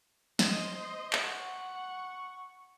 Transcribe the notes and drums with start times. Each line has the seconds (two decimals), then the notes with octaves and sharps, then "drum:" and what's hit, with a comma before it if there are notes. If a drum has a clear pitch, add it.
0.39 C5 D#5, drum: snare
1.13 drum: clap
1.24 F#5 C#6